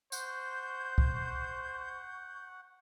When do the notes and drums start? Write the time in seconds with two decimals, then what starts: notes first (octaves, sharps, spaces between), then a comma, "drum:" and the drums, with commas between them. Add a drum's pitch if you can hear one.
0.12 C5 F#5 C#6 G6, drum: tambourine
0.98 drum: kick